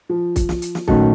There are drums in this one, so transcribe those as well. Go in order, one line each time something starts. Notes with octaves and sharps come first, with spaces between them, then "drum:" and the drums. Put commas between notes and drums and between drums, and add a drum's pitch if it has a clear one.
F3
drum: kick, hi-hat
drum: snare
drum: hi-hat
drum: snare
A#2 D#3 F#3 A3 C#4 F#4 A4, drum: kick